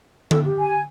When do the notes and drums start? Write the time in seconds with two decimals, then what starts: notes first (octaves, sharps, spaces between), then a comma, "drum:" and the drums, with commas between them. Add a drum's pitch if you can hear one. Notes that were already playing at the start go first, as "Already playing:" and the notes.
0.31 A4, drum: tom D3
0.45 G4
0.59 G#5